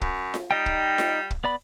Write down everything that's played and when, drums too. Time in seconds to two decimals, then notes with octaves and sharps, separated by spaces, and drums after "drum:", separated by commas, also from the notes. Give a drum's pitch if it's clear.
0.01 F#2, drum: kick
0.34 drum: snare F4
0.51 G3 D#4 D#5 G5
0.66 drum: kick
0.98 drum: snare F4
1.31 drum: kick
1.44 B3 D5 B5